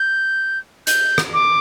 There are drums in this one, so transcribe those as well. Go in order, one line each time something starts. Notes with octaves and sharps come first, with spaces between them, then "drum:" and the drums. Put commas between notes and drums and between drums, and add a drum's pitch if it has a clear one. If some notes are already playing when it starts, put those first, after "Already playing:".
Already playing: G6
G6, drum: hi-hat
drum: rim click
D6